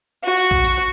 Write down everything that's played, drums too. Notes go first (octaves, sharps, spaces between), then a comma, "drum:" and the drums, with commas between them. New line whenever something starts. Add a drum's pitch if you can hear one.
F#4
drum: hi-hat
drum: kick A#1
drum: hi-hat